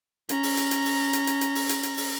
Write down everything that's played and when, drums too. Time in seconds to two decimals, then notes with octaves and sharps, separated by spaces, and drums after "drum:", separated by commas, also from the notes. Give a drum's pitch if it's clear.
0.29 C#4 A#5, drum: hi-hat
0.43 drum: open hi-hat
0.57 drum: hi-hat
0.71 drum: hi-hat
0.85 drum: open hi-hat
1.13 drum: hi-hat
1.27 drum: hi-hat
1.41 drum: hi-hat
1.55 drum: open hi-hat
1.69 drum: hi-hat
1.83 drum: hi-hat
1.97 drum: open hi-hat